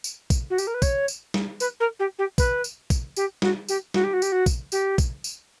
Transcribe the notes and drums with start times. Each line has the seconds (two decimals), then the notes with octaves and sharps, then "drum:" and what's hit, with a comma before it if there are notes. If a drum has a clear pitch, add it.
0.04 drum: tambourine
0.30 drum: kick, tambourine
0.50 F#4
0.58 G4, drum: tambourine
0.67 A#4
0.74 B4
0.82 C#5, drum: kick, tambourine
1.08 drum: tambourine
1.34 drum: snare
1.60 B4, drum: tambourine
1.80 A#4
1.99 G4
2.18 G4
2.38 B4, drum: kick, tambourine
2.64 drum: tambourine
2.90 drum: kick, tambourine
3.16 G4, drum: tambourine
3.42 F#4, drum: snare
3.69 G4, drum: tambourine
3.94 F#4, drum: snare
4.03 G4
4.13 F#4
4.22 G4, drum: tambourine
4.32 F#4
4.46 drum: kick, tambourine
4.72 G4, drum: tambourine
4.98 drum: kick, tambourine
5.24 drum: tambourine